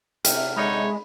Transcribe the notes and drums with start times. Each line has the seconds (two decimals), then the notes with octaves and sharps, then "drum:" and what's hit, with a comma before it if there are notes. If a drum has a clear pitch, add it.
0.25 C3 E4 G5 F6, drum: hi-hat
0.56 D3 G#3 D#4 C#5 B5